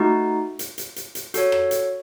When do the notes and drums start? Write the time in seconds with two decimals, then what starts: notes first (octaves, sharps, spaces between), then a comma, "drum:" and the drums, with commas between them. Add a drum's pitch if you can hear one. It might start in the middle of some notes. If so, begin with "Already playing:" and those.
Already playing: A3 D#4 F#4
0.59 drum: hi-hat
0.78 drum: hi-hat
0.96 drum: hi-hat
1.15 drum: hi-hat
1.34 F#4 A4 C#5, drum: hi-hat
1.52 drum: rim click
1.71 drum: hi-hat